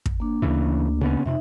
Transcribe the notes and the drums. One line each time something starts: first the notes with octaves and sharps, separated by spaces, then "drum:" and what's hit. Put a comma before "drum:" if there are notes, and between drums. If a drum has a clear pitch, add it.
drum: kick
A#3 D4
D2 C#3 E3
C#3 B3 C#4
F2 C3 D#4 E5